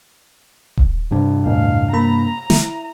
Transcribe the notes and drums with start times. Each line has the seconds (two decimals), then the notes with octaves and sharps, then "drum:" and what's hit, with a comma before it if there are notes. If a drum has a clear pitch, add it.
0.77 drum: kick D#1
1.11 G2 C3 D4
1.46 E2 A2 F5
1.93 A#3 A#5 B5
2.50 E4, drum: snare